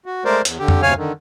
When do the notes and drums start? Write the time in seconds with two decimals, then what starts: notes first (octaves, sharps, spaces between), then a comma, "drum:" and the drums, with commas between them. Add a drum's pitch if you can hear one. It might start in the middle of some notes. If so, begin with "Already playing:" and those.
0.06 F#4
0.25 G#3 A3 A#4 C5 D5
0.45 E2, drum: hi-hat
0.59 D3 G4
0.68 drum: tom F2
0.83 D2 C3 C#5 F5 G#5 F6
0.97 D3 D#3